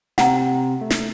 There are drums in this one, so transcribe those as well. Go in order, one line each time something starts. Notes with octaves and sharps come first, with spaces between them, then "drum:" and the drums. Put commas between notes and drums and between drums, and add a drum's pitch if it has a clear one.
C3 C4 F#5 A#5, drum: snare
A3
drum: snare